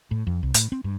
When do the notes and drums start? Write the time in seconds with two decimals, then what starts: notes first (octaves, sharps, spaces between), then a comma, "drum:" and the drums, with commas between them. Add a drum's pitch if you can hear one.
0.11 A2
0.27 F2
0.43 C2
0.54 A2, drum: hi-hat
0.72 C4
0.84 G2